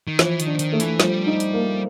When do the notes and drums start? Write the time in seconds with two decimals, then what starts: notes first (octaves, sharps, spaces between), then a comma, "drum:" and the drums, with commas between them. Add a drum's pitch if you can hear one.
0.08 D#3
0.19 E3 F3, drum: snare
0.40 D#3, drum: hi-hat
0.46 D4
0.59 D#3, drum: hi-hat
0.73 A3
0.80 E3, drum: hi-hat
1.00 F3 G3, drum: snare
1.27 D#4
1.40 drum: hi-hat
1.53 A#3